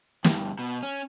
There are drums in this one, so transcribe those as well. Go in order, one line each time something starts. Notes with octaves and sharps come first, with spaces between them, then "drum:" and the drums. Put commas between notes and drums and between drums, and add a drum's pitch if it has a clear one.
D2 G2, drum: snare
B2
C#4